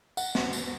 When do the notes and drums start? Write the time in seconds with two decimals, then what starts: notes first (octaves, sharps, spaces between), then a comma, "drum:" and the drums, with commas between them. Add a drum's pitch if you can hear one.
0.17 F#5, drum: tambourine
0.35 drum: snare
0.53 drum: tambourine